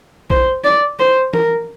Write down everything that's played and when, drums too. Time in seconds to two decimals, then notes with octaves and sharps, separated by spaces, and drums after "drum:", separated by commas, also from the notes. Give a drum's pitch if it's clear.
0.30 C5, drum: kick
0.64 D5
0.99 C5
1.34 A#4, drum: tom E3